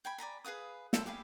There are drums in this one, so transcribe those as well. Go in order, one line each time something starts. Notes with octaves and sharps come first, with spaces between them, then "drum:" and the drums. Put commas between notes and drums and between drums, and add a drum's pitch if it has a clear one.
G5 G#5 B5
D5 G#5 A#5 B5
G#4 B4 F5 D#6
E4 A4 C5 E5, drum: snare
G4 G#4 F5 B5